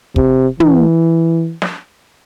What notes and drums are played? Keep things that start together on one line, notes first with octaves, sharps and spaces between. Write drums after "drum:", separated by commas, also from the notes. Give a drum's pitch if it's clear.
C3, drum: kick
E3, drum: tom
drum: snare